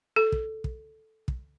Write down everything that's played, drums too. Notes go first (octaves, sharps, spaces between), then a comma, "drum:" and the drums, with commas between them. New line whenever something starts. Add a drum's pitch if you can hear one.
A4
drum: kick
drum: kick
drum: kick